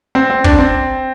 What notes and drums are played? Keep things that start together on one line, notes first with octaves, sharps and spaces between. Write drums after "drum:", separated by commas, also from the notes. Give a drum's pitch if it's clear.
C4
C4
D4, drum: kick
C4